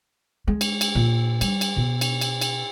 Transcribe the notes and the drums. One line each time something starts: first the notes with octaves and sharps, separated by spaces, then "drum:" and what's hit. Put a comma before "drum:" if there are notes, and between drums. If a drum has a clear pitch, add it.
G#3
drum: cymbal
drum: cymbal
A#2
G3, drum: cymbal
drum: cymbal
B2
drum: cymbal
drum: cymbal
drum: cymbal